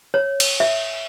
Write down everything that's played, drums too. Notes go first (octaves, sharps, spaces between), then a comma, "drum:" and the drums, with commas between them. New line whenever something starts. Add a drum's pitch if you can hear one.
C#5
drum: cymbal
E5